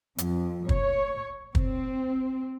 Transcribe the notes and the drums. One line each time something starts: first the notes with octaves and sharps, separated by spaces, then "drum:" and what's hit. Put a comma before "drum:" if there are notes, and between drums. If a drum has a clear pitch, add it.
F2, drum: hi-hat
C#5, drum: kick
C4, drum: kick